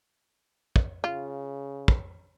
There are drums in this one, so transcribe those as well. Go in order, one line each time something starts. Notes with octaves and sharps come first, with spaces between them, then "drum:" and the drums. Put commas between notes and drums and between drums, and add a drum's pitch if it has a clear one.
drum: kick
C#3 F4
drum: kick